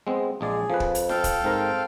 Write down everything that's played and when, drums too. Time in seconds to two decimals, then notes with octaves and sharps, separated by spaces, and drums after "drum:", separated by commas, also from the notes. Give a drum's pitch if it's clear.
0.07 G#3 B3 C4
0.41 A#1 G#3 G#4 D5
0.70 F2 F3 B4
0.80 drum: kick
0.95 drum: hi-hat
1.09 A4 F5 G5, drum: snare F4
1.24 drum: kick, hi-hat
1.44 G#2 C4 A#4